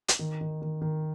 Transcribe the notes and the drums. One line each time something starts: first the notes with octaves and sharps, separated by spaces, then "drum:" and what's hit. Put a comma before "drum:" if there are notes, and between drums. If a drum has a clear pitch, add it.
drum: hi-hat
D#3
D#3
D#3
D#3